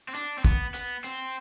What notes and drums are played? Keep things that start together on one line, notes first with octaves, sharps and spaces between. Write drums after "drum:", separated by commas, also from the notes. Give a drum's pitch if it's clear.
C4
D4, drum: hi-hat
C4
B3, drum: kick, hi-hat
B3, drum: hi-hat
C4, drum: hi-hat